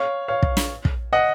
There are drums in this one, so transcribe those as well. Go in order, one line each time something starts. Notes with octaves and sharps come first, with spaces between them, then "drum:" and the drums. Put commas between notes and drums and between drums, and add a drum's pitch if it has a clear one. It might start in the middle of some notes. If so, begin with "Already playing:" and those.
Already playing: C#5 F5
C#5 F5
drum: kick
drum: snare
drum: kick
D#5 F#5